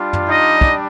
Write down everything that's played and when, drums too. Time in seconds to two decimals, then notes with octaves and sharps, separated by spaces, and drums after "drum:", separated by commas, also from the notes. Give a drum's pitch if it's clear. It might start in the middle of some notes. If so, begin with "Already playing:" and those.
Already playing: G3 D4 F4
0.13 drum: tom
0.27 D#4 D#5
0.61 drum: kick